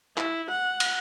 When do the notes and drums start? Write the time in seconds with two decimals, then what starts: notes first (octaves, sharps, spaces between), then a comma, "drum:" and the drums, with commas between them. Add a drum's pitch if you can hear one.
0.17 E4, drum: clap
0.51 F#5
0.80 drum: cymbal